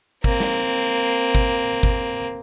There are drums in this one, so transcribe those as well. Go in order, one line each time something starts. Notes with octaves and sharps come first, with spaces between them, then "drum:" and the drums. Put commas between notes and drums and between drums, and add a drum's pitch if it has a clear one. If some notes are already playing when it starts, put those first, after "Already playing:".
A#3 C4, drum: kick
drum: snare
drum: kick
drum: kick